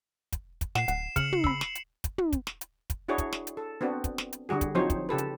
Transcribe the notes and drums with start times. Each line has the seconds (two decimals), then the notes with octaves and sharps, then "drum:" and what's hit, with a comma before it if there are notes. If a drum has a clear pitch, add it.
0.32 drum: kick, hi-hat
0.61 drum: kick, hi-hat
0.75 A#2 F#5 C7 E7, drum: snare
0.88 D1 F#5, drum: hi-hat
1.16 C#3 F6 C#7 F#7, drum: kick, hi-hat
1.32 drum: tom
1.44 B5 E6, drum: kick
1.61 drum: snare
1.75 drum: hi-hat
2.04 drum: kick, hi-hat
2.18 drum: tom
2.33 drum: kick, hi-hat
2.47 drum: snare
2.61 drum: hi-hat
2.90 drum: kick, hi-hat
3.08 D4 E4 F#4 G#4 C#5
3.18 drum: kick, hi-hat
3.33 drum: snare
3.47 drum: hi-hat
3.57 A4
3.81 B3 C4 D4 F#4
4.04 drum: kick, hi-hat
4.18 drum: snare
4.33 drum: hi-hat
4.49 D3 G3 F#4 G#4
4.61 drum: kick, hi-hat
4.75 F3 F#3 C4 D#4 C5 C#5
4.90 drum: kick, hi-hat
5.09 C#3 G4 A4 B4
5.18 drum: hi-hat